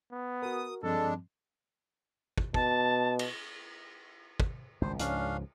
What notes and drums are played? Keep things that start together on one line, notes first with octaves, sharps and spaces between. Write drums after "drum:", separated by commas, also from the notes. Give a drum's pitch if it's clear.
B3
F#4 A#4 D#6
G2 F3 G#3 C4 D4 A4
drum: kick
B2 A5, drum: kick
drum: cymbal
drum: kick
G#1 C#2 G2 C5
C#2 G#2 F3 C#4 D4 F5, drum: hi-hat